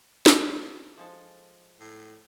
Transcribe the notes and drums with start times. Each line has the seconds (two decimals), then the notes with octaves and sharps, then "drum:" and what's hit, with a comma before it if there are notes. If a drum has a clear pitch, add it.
0.26 drum: snare
0.98 F3 G#3 A4
1.80 A2